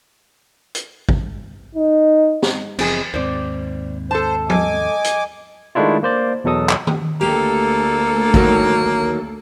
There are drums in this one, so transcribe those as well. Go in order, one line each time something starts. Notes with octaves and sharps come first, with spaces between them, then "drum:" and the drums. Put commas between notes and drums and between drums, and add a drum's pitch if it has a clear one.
drum: hi-hat
drum: kick
D#4
drum: snare
F#1 E2 F3 C4 G#4 D#5, drum: cymbal
D#2 G#2 C4 C5 D5
A4 C5 A5
D#5 G#5 D6, drum: tom F3
drum: hi-hat
D#3 G#3 A3 D4 E4 F4
A#3 C5 D5
E2 B2 F#3 A4 D#6
drum: clap
drum: tom D#3
D2 A#3 G4 A4
D#2 D#3 F#3, drum: kick